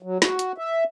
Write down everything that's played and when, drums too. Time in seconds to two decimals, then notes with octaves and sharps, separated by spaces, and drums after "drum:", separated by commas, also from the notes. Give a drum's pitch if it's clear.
0.03 F#3
0.22 F#4, drum: snare
0.39 drum: hi-hat
0.58 E5